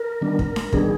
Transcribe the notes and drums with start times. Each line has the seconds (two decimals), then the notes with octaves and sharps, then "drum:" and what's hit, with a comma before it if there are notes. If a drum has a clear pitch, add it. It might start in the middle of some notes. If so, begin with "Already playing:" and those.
Already playing: A#4
0.21 D#3 G3 B3 D4
0.39 drum: kick
0.56 drum: snare D4
0.73 D#3 G3 B3 D4 G#4, drum: kick